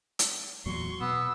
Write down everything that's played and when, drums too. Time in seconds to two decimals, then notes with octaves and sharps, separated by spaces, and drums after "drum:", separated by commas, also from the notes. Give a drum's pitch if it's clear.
0.19 drum: hi-hat
0.66 E2 A#2 F#3 C6 C#6
1.01 B2 B3 E6